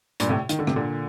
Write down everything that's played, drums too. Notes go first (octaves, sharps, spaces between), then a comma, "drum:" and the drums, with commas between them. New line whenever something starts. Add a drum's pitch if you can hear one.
G2 A#2, drum: hi-hat
A2 C3
D#3, drum: hi-hat
D3
C3, drum: rim click
A#2 D3